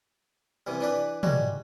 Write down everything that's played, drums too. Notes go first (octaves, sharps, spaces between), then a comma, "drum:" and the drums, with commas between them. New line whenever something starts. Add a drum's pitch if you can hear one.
C2 C3 E3
E3 D4 B4
G3 G#3 F#4, drum: tom